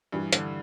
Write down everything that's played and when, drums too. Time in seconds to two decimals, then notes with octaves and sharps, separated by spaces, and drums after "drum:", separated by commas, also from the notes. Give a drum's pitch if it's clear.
0.12 G2 E3 G3
0.33 D3, drum: hi-hat